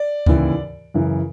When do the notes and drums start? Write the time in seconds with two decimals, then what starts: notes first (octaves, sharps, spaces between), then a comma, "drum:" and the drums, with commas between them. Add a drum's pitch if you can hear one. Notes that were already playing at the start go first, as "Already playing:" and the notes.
Already playing: D5
0.26 D#2 C#3 E3, drum: kick C#2
0.94 F#2 C#3 E3